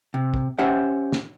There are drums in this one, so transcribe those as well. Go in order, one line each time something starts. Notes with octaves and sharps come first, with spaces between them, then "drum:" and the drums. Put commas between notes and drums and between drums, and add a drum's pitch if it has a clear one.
C3
drum: kick
C#4 G4 C5 E5 F#5
drum: snare